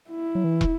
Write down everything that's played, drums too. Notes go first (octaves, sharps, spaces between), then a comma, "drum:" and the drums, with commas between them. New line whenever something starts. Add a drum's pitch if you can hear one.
E4
F#3
E3
drum: kick